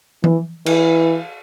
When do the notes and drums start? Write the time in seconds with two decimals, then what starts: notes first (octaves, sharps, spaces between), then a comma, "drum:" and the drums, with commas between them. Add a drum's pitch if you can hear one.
0.24 E3, drum: tom E3
0.66 E3, drum: cymbal